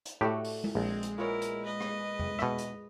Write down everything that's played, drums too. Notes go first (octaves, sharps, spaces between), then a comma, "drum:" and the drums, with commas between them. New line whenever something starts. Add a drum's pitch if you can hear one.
drum: hi-hat
A2 A3 F#4 G4 D5
drum: open hi-hat
drum: tom G#3
A#1 G#3 C4
drum: hi-hat
A#2 B3 E4 A#4 C#5
drum: hi-hat
B4 D#5
drum: rim click
drum: tom E2
B2 E5, drum: rim click
drum: hi-hat